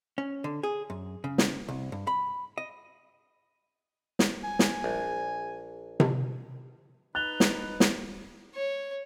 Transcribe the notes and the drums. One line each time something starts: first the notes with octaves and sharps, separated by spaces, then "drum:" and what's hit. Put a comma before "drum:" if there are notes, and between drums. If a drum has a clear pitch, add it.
C#4
D3
G#4
F#2
C#3
drum: snare
C2
G2
B5
D#5
drum: snare
G#5
drum: snare
A#1
drum: tom C3
D#4 B4 F#6 A6 F7 G7
drum: snare
drum: snare
C#5